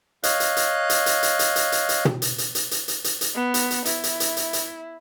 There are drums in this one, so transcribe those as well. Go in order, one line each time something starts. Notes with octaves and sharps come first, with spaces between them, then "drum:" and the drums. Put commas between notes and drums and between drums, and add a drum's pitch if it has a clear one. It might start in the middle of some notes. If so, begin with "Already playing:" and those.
C#5 D#5 F5 F#6, drum: hi-hat
drum: hi-hat
drum: hi-hat
drum: hi-hat
drum: hi-hat
drum: hi-hat
drum: hi-hat
drum: hi-hat
drum: hi-hat
drum: hi-hat
drum: tom
drum: hi-hat
drum: hi-hat
drum: hi-hat
drum: hi-hat
drum: hi-hat
drum: hi-hat
drum: hi-hat
B3
drum: hi-hat
drum: hi-hat
E4, drum: hi-hat
drum: hi-hat
drum: hi-hat
drum: hi-hat
drum: hi-hat